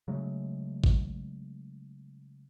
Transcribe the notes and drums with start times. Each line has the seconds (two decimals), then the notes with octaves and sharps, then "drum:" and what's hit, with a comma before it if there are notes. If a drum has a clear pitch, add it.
0.08 C#3 F#3 G#3 A3
0.84 drum: kick A1